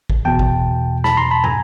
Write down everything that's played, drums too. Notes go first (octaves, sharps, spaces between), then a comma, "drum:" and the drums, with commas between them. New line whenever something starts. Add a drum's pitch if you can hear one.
drum: kick
E2 B2 G5 A5
drum: kick
A5 B5, drum: snare
A#5 C6
A5 B5
G#5 A#5, drum: tom